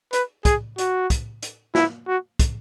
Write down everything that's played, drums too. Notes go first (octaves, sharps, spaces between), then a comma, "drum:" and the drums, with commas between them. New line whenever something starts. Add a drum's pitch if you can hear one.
B4, drum: hi-hat
G#4, drum: kick, hi-hat
F#4, drum: hi-hat
drum: kick, hi-hat
drum: hi-hat
E4, drum: snare
F#4
drum: kick, hi-hat